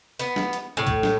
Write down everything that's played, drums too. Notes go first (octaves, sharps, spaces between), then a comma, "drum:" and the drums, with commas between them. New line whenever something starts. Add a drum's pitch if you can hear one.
B3, drum: hi-hat
drum: snare
drum: hi-hat
A2
drum: kick A#1, hi-hat
drum: snare